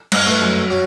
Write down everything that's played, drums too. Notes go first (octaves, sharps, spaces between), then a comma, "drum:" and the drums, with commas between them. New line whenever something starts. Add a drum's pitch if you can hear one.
G2, drum: cymbal
A3 E4 B4
F#2
F#3